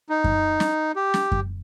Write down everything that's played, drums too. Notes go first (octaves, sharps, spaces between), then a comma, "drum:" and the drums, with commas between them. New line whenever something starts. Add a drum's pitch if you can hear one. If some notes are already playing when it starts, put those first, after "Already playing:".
D#4
drum: kick F#2
drum: snare
G4
drum: snare
drum: kick F#2